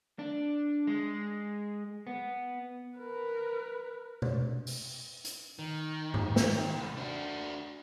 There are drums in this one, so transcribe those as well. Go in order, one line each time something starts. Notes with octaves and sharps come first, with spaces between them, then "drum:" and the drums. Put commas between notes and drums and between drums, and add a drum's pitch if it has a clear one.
D4
G#3
B3
A#4 B4
drum: tom B2
drum: open hi-hat
drum: hi-hat
D#3
drum: tom G#2
drum: snare
drum: cymbal
C2
D4 F#4